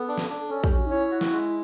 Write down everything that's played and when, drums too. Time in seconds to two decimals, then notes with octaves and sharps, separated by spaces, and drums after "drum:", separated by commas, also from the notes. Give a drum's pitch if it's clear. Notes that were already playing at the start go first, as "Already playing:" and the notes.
Already playing: B3 A4
0.08 D4
0.18 drum: snare
0.29 D4
0.49 C#4 A4
0.64 G4, drum: kick
0.71 C#4
0.78 F#4
0.86 D#4
0.91 E4 C#5
1.11 F#4
1.21 drum: snare
1.32 G#3